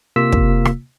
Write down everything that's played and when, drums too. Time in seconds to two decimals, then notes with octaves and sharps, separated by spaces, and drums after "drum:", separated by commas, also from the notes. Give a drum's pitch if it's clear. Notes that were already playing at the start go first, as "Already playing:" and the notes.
0.16 C3 A#3 F4 E6 B6
0.33 drum: kick
0.65 drum: rim click